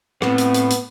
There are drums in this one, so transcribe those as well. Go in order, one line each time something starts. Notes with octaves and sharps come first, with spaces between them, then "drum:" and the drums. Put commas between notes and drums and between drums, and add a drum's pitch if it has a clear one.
A2 B3 C4, drum: rim click
drum: hi-hat
drum: hi-hat
drum: hi-hat